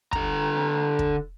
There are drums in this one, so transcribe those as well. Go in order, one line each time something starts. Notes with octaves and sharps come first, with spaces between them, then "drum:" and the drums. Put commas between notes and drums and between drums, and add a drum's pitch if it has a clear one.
D3 A#5, drum: kick
drum: kick